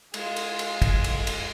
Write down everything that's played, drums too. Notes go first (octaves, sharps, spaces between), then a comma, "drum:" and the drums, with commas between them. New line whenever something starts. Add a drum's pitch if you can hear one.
G#3 F4, drum: cymbal
drum: cymbal
drum: cymbal
drum: kick, cymbal
drum: cymbal
drum: cymbal